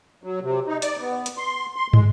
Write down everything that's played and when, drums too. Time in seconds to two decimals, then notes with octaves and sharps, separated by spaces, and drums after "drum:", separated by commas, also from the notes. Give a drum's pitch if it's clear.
0.24 F#3
0.42 C3
0.67 D#4
0.82 D5, drum: hi-hat
0.99 B3
1.26 drum: hi-hat
1.38 C6
1.76 C6
1.93 G#3, drum: tom